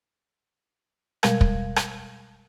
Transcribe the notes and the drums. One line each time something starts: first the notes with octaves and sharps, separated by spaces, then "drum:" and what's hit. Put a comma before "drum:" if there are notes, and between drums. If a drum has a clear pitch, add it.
B2 G3 G#3 A#4 F5 G#6, drum: rim click
drum: kick
drum: rim click